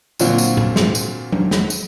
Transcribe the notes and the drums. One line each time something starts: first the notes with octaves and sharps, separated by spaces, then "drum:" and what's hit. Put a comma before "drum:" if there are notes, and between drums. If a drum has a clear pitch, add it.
A#2 D3 F#3 C4 F4 F#4, drum: tambourine
drum: tambourine
drum: tom G#2
drum: snare
drum: tambourine
drum: tom F#3
drum: snare
drum: tambourine